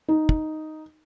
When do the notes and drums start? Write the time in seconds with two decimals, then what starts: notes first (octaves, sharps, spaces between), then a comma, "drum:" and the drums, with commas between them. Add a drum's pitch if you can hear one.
0.08 D#4
0.29 drum: kick